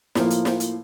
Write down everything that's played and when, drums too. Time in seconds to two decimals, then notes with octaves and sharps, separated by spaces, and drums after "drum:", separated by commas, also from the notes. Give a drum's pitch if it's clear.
0.15 A2 F3 A#3, drum: snare
0.30 drum: hi-hat
0.45 drum: snare
0.60 drum: hi-hat